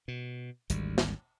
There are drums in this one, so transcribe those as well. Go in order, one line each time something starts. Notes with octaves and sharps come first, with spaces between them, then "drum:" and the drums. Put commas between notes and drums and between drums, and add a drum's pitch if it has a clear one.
B2
G#1 D2 G3, drum: hi-hat
drum: snare